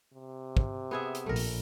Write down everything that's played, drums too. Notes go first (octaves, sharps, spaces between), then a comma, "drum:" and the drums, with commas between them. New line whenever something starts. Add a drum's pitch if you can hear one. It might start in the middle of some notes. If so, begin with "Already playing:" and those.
C3
drum: kick
B3 G#4 E5
drum: hi-hat
A#1 A3 A#4
drum: open hi-hat